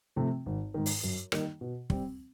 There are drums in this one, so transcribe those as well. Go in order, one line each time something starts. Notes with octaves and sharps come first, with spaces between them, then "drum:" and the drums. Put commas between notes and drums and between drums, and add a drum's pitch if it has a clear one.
C3 F3 A3 C4
G#1
G#2 D#3
drum: open hi-hat
F#2
D#3 G3 A#3 D#4, drum: rim click
B2
G3 C4, drum: kick